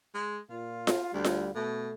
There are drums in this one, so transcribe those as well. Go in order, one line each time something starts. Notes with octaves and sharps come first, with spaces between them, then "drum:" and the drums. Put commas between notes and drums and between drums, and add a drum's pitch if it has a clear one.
G#3
A#2 F4
drum: snare F4
D2 G3
drum: snare F4
B2 A3